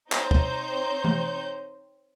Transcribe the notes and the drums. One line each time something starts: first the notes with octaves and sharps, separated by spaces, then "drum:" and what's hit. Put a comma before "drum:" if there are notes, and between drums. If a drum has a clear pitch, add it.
C4 D#4 C5 C#5 G6, drum: clap
drum: kick
drum: tom E3